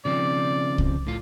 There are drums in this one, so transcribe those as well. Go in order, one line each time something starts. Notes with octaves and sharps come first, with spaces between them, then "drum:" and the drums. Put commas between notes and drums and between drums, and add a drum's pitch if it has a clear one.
C#3 F3 C4 D5
drum: kick C2
A2 F4